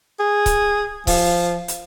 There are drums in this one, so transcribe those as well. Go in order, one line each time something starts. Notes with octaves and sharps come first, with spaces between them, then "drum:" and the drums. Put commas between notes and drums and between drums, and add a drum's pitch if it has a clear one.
G#4
drum: kick C#1, hi-hat
F3, drum: kick C#1, open hi-hat
drum: hi-hat